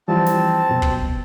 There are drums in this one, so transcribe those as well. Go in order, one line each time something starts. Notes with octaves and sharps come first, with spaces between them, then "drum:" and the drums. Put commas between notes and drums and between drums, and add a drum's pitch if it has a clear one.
E3 F3 G3 C4 A5
drum: snare
F#2 B2
drum: kick